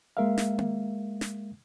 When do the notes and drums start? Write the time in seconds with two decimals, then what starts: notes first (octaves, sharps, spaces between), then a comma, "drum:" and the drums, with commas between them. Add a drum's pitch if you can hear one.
0.17 G#3 A#3 A#4 E5 F5
0.38 drum: snare
0.58 drum: tom A#3
1.21 drum: snare